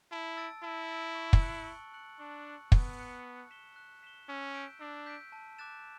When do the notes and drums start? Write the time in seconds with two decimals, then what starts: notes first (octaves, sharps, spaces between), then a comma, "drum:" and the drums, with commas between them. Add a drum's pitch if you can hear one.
0.12 E4 A5
0.37 E6 A6 D7
0.64 E4 A5
0.90 E6 A6 D7
1.15 C#6
1.33 drum: kick
1.42 F#6 C#7 F#7
1.67 C#6
1.94 F#6 C#7 F#7
2.19 D4 C#6
2.46 F#6 C#7
2.72 B3 C#6, drum: kick
2.99 F#6 C#7
3.24 F#6
3.51 B6 E7 G7
3.76 F#6
4.03 B6 E7 G7
4.29 C#4 E6
4.55 G6 B6 D7
4.80 D4 E6
5.06 G6 B6 D7
5.32 A5
5.58 D6 F#6 A6 E7